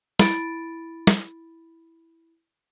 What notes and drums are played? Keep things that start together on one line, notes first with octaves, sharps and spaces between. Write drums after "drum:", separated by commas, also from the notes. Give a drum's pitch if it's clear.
E4 B5 A6 D7, drum: snare
drum: snare